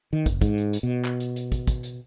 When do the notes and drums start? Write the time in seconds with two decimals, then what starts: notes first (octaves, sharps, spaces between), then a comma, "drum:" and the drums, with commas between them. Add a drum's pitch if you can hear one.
0.13 D#3
0.26 F#1, drum: kick, hi-hat
0.41 G#2, drum: kick, hi-hat
0.57 drum: hi-hat
0.73 drum: hi-hat
0.83 B2
1.05 drum: clap
1.20 drum: hi-hat
1.36 drum: hi-hat
1.52 drum: kick, hi-hat
1.67 drum: kick, hi-hat
1.83 drum: hi-hat